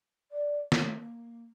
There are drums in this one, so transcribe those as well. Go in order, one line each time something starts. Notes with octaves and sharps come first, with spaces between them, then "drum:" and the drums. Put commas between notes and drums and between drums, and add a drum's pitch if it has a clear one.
D5
A3, drum: snare
A#3